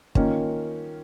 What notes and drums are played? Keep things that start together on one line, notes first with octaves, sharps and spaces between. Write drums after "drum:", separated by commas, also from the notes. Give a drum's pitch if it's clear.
D#3 A#3 C#4 F4, drum: kick